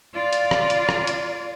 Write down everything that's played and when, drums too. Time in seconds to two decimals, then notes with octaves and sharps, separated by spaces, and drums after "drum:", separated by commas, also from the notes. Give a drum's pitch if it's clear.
0.14 F4 D5
0.33 drum: hi-hat
0.51 drum: rim click
0.70 drum: hi-hat
0.89 drum: rim click
1.07 drum: hi-hat